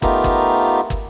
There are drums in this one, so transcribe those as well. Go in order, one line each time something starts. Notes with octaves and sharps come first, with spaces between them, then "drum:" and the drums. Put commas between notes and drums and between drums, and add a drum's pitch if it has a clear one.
A3 B3 D#4 F4 G4 A#4, drum: kick
drum: kick
drum: kick